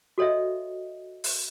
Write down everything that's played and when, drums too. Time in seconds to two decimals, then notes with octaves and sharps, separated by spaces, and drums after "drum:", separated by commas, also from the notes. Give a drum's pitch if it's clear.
0.18 F#4 A4 C#5 D#5 E5
1.24 drum: open hi-hat